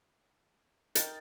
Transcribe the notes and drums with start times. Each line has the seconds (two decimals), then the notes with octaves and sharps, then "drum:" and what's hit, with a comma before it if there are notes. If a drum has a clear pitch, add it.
0.95 D#4 A#4 G5 A6, drum: hi-hat